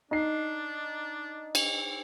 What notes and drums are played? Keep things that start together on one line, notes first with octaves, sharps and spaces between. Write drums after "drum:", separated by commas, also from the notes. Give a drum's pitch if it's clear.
D4 D#4 C7
drum: cymbal